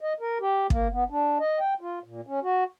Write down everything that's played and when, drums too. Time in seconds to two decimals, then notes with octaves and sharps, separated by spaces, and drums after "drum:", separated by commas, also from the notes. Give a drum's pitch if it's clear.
0.01 D#5
0.20 A#4
0.40 G4
0.70 A#3, drum: kick
0.92 B3
1.10 D4
1.40 D#5
1.60 G5
1.81 F4
2.04 A#2
2.27 C#4
2.43 F#4